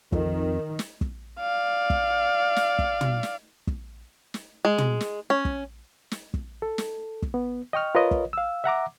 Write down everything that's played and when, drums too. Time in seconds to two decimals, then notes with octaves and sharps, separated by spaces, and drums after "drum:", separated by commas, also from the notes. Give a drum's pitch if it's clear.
0.12 F2 D#3, drum: kick
0.79 drum: snare
1.01 drum: kick
1.41 D5 F5
1.90 drum: kick
2.56 drum: snare
2.79 drum: kick
3.01 drum: tom
3.23 drum: snare
3.67 drum: kick
4.34 drum: snare
4.65 G#3
4.78 drum: tom
5.01 drum: snare
5.30 C#4
5.45 drum: kick
6.11 drum: snare
6.34 drum: kick
6.62 A4
6.78 drum: snare
7.22 drum: kick
7.34 B3
7.73 D#5 G5 C#6 F6
7.95 F4 A#4 B4 C#5 D#5
8.11 drum: kick
8.33 F5 E6
8.64 E5 F#5 A#5 D6